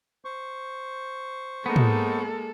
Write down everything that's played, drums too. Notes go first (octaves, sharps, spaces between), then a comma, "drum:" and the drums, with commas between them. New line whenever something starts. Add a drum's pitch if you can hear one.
C5 C#6
G#3 A#3 B3 D#4 A4
drum: tom